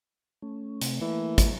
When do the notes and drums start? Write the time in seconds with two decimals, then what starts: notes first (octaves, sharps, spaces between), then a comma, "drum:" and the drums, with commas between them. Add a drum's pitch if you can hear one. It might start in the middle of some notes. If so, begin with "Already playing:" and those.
0.42 A3 C#4
0.82 C3 A3 C4, drum: hi-hat
1.01 E3 A3 A#3
1.38 drum: kick, hi-hat